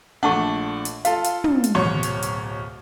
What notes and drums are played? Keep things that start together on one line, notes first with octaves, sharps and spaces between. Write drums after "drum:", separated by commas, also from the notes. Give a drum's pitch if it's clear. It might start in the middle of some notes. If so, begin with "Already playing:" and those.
A#1 A3 D4 F#5 A5 C#6
drum: hi-hat
F4 A4 F5, drum: hi-hat
drum: hi-hat
drum: tom
drum: hi-hat
D1 B1 C#5
drum: hi-hat
drum: hi-hat